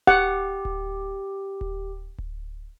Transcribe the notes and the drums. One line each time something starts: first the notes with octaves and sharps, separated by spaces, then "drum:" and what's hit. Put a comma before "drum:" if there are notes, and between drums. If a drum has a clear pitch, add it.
G4 F#5, drum: kick D1
drum: kick D1
drum: kick D1
drum: kick D1